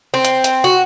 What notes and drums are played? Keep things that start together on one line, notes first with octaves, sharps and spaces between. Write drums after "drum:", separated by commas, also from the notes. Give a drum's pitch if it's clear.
C4
drum: hi-hat
drum: hi-hat
F#4